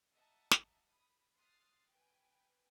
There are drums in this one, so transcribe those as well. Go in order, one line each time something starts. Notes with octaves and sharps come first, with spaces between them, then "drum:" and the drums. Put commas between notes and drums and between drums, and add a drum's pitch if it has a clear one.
D#5 E5 F#5 A5 A#5
drum: snare
B5 D#6
C6 D#6 F6 F#6 A6 C7
B4 G5 G#5